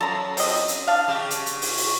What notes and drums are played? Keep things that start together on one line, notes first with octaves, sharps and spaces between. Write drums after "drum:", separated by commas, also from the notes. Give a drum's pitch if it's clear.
F#2 A4 A#5
C4 D#5, drum: open hi-hat
drum: hi-hat
D4 F5
C#3 G4
drum: hi-hat
drum: hi-hat
drum: open hi-hat
drum: open hi-hat